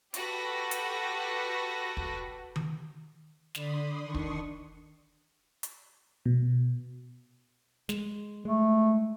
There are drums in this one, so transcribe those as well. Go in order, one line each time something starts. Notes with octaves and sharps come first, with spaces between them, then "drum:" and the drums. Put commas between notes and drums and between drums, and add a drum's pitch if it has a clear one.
F#4 G4 A4 B4 A#6, drum: hi-hat
drum: hi-hat
drum: kick
drum: tom D#3
D3 D5 B5 C6 D#6, drum: snare
D#3 D4 C6 C#6 D#6 C#7
drum: kick
drum: hi-hat
B2
G#3, drum: snare
G#3 A3